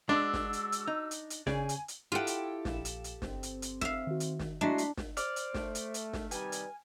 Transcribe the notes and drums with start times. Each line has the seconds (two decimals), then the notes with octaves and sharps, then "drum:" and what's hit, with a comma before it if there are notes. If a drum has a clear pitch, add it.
0.09 G#3 D4 F#4 E6
0.34 drum: snare
0.53 drum: hi-hat
0.72 drum: hi-hat
0.87 D#4
1.11 drum: hi-hat
1.30 drum: hi-hat
1.47 C#3 G#4 D5 G#5, drum: snare
1.69 drum: hi-hat
1.88 drum: hi-hat
2.12 E4 F4 G4 A4 F#5 G5
2.27 drum: hi-hat
2.65 A#1 F5 E7, drum: snare
2.85 drum: hi-hat
3.04 drum: hi-hat
3.22 G1 C4, drum: snare
3.43 drum: hi-hat
3.62 drum: hi-hat
3.81 E5 F5, drum: snare
4.07 D#3 F#4
4.20 drum: hi-hat
4.40 drum: snare
4.61 G#3 A3 D4 E4 F#4 A#5 B6 C7
4.78 drum: hi-hat
4.97 drum: snare
5.17 C5 D5 F6, drum: hi-hat
5.36 drum: hi-hat
5.54 A3, drum: snare
5.75 drum: hi-hat
5.94 drum: hi-hat
6.13 drum: snare
6.31 C3 D#3 G3 B4 G#5, drum: hi-hat
6.52 drum: hi-hat